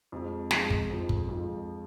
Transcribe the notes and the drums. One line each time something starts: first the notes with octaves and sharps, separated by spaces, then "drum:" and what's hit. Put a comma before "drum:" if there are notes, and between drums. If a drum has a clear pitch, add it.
F2 F3 G#3
F2 F3 G#3, drum: snare
drum: kick
F2 F3 G#3
drum: kick
F2 F3 G#3